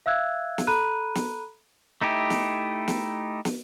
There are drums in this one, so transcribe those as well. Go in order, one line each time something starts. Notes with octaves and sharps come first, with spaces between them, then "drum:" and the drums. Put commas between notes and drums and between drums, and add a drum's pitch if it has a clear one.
E5 F5 E6 F#6 G#6
drum: snare
A4 A#5 B5 F#6 D#7
drum: snare
A3 D#4 E4 G4
drum: snare
drum: snare
drum: snare